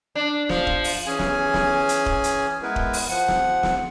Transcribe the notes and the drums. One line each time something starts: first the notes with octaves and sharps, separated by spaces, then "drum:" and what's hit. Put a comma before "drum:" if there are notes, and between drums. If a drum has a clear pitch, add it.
D4
F3, drum: snare
drum: kick D#1
drum: open hi-hat
E3 C#4 G#4 G#5
drum: snare
drum: snare
drum: hi-hat
drum: kick D#1
drum: hi-hat
G#3 B3 E4 A#4 B4
drum: kick D#1
drum: open hi-hat
F3 F#5
drum: snare
drum: snare